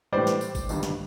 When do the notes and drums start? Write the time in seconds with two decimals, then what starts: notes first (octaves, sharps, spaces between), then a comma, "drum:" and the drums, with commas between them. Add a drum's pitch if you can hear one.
0.12 A2 E3 G3 C5 D5
0.27 drum: snare
0.41 drum: tambourine
0.55 drum: kick G1, tambourine
0.69 G1 G2 D#3 G3, drum: tambourine
0.83 drum: snare